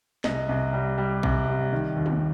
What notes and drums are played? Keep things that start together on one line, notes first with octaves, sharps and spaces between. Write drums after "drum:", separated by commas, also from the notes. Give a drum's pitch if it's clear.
C2 D#5, drum: snare
C2
G3
G3
C2, drum: kick A#1
G3
D#3
D#2
drum: tom